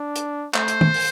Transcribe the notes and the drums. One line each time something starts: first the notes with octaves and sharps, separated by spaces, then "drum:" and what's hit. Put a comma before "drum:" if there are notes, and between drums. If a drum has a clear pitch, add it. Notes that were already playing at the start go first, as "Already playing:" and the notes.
Already playing: D4
drum: hi-hat
A3 C5, drum: clap
drum: hi-hat
drum: tom
drum: open hi-hat